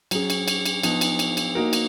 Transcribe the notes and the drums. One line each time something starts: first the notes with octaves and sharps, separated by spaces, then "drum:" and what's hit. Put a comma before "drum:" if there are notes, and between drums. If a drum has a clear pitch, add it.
F#3 C#4 G#4, drum: cymbal
drum: cymbal
drum: cymbal
drum: cymbal
F3 B3 D#4, drum: cymbal
drum: cymbal
drum: cymbal
drum: cymbal
A#3 D#4 F#4 A#4
drum: cymbal